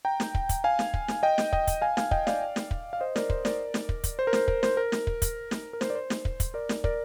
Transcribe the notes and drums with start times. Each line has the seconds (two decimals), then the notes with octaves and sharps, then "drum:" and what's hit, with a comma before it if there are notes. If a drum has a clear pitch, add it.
0.05 G5 A#5
0.20 drum: snare
0.35 drum: kick
0.49 drum: kick, hi-hat
0.64 F5 G#5
0.79 drum: snare
0.94 drum: kick
1.08 drum: snare
1.23 D#5 G5
1.38 drum: snare
1.53 D#5 G5, drum: kick
1.67 drum: kick, hi-hat
1.82 F5 G#5
1.97 F5 G#5, drum: snare
2.11 D#5 G5, drum: kick
2.27 D5 F5, drum: snare
2.56 drum: snare
2.71 drum: kick
2.93 F5
3.00 C5 D#5
3.16 A#4 D5, drum: snare
3.30 C5, drum: kick
3.45 A#4 D5, drum: snare
3.74 drum: snare
3.89 drum: kick
4.04 drum: kick, hi-hat
4.19 C5
4.27 A#4
4.33 C5, drum: snare
4.48 A#4, drum: kick
4.63 C5, drum: snare
4.77 A#4
4.92 drum: snare
5.07 drum: kick
5.22 drum: kick, hi-hat
5.51 drum: snare
5.73 A#4
5.81 C5, drum: snare
5.90 D5
5.95 C5
6.10 drum: snare
6.25 drum: kick
6.40 drum: kick, hi-hat
6.54 A#4 D5
6.69 drum: snare
6.84 A#4 D5, drum: kick